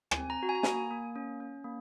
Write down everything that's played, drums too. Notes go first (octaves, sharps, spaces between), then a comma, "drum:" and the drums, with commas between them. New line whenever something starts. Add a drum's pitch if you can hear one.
G#5, drum: rim click
C4
A#5
F#4
G#5
A#5
A#3 G#5, drum: snare
A#3
C#4
C#4
A#3